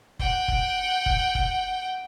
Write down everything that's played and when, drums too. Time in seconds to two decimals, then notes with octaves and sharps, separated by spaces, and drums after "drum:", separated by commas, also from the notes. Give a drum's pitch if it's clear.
0.19 F#5 G5, drum: kick
0.48 drum: kick
1.06 drum: kick
1.35 drum: kick